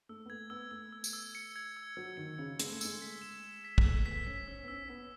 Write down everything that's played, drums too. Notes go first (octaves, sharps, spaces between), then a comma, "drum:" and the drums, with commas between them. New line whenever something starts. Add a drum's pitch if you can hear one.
A3 E6
B3
A3 G#6
B3 E6
A3 E6
E6
drum: tambourine
E6
C#7
G#6
E6
F#3 E6
D#3 C#7
C#3 G#6
G#3 E6, drum: hi-hat
A3
G#3 E6, drum: tambourine
B6
E7
E7
B6
G#3, drum: kick
A3 E6
B3 B6
C#4 B6
C#4 E6
B3
C#4 E6
C#4
B3 B6